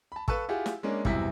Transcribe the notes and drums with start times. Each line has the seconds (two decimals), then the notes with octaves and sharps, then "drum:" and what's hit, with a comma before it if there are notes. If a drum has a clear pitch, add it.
0.12 A5 B5
0.28 A4 B4 F5 A5 C#6 E6, drum: kick
0.48 E4 F4 G4 G#4 E5 F#5
0.66 drum: snare
0.83 G#3 A#3 C#4 D4
1.05 B1 E2 G2 C3 E4 B6, drum: kick